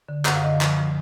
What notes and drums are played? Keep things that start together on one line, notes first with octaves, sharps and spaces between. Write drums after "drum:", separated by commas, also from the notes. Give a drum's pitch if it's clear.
D3
F#2 F#5, drum: clap
F5
D3 D#5
F5
F3, drum: clap
F3